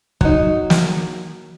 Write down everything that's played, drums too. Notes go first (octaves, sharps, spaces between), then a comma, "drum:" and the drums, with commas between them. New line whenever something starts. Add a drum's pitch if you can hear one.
F#3 D#4, drum: kick
drum: snare